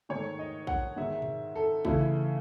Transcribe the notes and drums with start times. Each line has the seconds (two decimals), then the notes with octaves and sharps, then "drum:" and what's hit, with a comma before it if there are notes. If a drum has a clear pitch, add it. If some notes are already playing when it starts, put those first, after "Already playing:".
0.09 G#2 D#3 A3 C#5
0.39 D#5
0.67 F#5, drum: kick
0.97 G#2 D#3 G#3 E5
1.22 drum: tom A#2
1.56 A4
1.85 C#3 E3 A3 E4, drum: kick